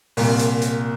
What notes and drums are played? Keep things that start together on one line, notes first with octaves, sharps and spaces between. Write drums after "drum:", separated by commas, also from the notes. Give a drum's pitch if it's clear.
C2 A#2, drum: open hi-hat
drum: hi-hat
drum: hi-hat